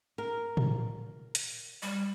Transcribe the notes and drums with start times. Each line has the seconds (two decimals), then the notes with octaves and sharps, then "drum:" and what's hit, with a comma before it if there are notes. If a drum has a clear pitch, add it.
0.18 A#4
0.57 drum: tom A2
1.35 drum: hi-hat
1.82 G3